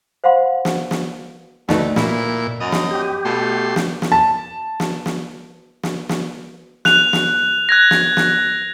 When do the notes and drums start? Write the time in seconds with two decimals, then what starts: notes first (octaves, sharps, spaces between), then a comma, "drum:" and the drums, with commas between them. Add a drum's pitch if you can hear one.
0.24 C5 F5 F#5 B5 C6
0.65 drum: snare
0.91 drum: snare
1.69 D2 A3 D#4 B4, drum: snare
1.96 A#2 E4, drum: snare
2.60 F#2 D#5
2.72 drum: snare
2.91 G4
3.25 B2 A3 C6
3.76 drum: snare
4.02 drum: snare
4.12 A5
4.80 drum: snare
5.06 drum: snare
5.83 drum: snare
6.09 drum: snare
6.85 F#6 F7, drum: snare
7.13 drum: snare
7.69 F#6 G#6 A#6
7.91 drum: snare
8.17 drum: snare